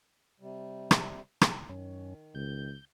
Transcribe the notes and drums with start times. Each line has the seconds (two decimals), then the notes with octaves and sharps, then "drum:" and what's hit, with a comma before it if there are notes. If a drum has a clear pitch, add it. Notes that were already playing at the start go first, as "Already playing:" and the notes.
0.40 C3 G3
0.91 drum: rim click
1.41 drum: rim click
1.69 F#2 D#3 C#4
2.35 C#2 G6